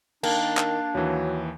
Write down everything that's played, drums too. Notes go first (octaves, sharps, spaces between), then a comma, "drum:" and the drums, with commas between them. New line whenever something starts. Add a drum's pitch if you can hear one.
D#3 A#3 D4 G5 A5, drum: cymbal
drum: clap
D#2 E3 F#3